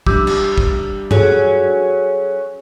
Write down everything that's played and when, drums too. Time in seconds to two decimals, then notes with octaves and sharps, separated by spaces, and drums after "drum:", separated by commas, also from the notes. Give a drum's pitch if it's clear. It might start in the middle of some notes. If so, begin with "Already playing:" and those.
0.07 G3 D4 D6 E6 G6, drum: kick
0.27 drum: cymbal
0.58 drum: kick
1.11 F#3 C#4 G#4 A4 C#5, drum: tom